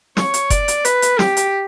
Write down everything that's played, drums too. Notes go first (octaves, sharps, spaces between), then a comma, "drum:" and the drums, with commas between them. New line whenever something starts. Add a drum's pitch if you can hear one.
C#5, drum: snare
drum: hi-hat
D5, drum: kick F#1, hi-hat
drum: hi-hat
B4, drum: hi-hat
drum: hi-hat
G4, drum: snare
drum: hi-hat